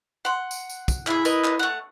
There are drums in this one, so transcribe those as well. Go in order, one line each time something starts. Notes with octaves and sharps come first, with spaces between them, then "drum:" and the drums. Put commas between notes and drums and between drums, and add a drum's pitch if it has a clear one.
F#5 C6
drum: tambourine
drum: tambourine
drum: kick, tambourine
E4 G#4 E5, drum: clap
A#4 B4 D#5, drum: tambourine
drum: clap
A3 F#5